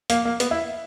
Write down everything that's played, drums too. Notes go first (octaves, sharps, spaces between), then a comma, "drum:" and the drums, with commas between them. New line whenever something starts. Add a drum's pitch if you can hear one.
A#3, drum: hi-hat
A#3
B3, drum: hi-hat
E4